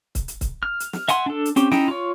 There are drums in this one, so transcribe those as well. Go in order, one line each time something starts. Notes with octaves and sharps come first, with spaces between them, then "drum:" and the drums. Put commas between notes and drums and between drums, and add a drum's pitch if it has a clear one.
drum: kick C#1, hi-hat
drum: hi-hat
drum: kick C#1, hi-hat
F6
drum: hi-hat
drum: snare
E5 F#5 G#5 C6, drum: hi-hat
D4 A4
drum: hi-hat
C4 C#4 G4, drum: hi-hat
C#4 D#4 E4 G5, drum: snare
F4 C#5